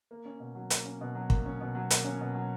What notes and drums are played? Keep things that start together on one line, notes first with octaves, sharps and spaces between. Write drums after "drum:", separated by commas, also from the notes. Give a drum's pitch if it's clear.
A#3
C#4
B2
F#3
A#3, drum: hi-hat
C#4
B2
F#3
A#3, drum: kick
C#4
B2
F#3
A#3, drum: hi-hat
C#4
B2
F#3